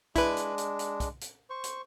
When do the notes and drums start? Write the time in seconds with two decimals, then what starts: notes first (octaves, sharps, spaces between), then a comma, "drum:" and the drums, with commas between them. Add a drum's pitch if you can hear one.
0.16 G#3 D4 E4 B4, drum: kick, hi-hat
0.37 drum: hi-hat
0.58 drum: hi-hat
0.79 drum: hi-hat
1.00 drum: kick, hi-hat
1.21 drum: hi-hat
1.50 C5 C#6
1.64 drum: hi-hat